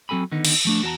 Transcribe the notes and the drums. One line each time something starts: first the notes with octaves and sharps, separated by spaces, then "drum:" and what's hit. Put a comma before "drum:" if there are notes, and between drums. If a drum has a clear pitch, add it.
F#3 C4 A4 G#5 B5
D3 D#3 B3 D#4
drum: cymbal
F3 A3 D4
E2 F#4 C5 A5 A#5